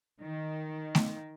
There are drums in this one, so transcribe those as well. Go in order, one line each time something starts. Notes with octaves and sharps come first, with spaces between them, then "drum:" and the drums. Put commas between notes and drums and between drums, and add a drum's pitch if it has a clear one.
D#3
drum: snare A3